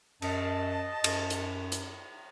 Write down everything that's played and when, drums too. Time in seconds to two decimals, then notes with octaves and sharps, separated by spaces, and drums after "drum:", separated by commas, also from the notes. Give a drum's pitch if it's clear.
0.22 F#2 D#5 A5, drum: cymbal
1.04 F#2, drum: cymbal
1.30 drum: hi-hat
1.72 drum: hi-hat